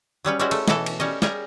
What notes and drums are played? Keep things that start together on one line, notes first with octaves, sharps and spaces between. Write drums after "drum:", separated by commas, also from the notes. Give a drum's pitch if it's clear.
F#3 G3 C#4 B4
G3 G#3 C#4 E4 F#4
A3, drum: cymbal
B2 E3 A4, drum: snare
drum: cymbal
G3 C#4 D#5
G3 G#4 A#4, drum: snare